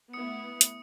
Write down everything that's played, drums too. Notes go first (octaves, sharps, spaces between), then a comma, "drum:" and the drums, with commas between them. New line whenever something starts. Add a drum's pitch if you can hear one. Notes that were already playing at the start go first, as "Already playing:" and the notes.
A3 B3 E4 D#6 C#7
drum: hi-hat